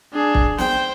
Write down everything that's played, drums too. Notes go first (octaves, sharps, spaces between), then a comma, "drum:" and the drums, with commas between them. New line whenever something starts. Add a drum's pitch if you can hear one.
D4 G#4
drum: kick
C5 G5, drum: snare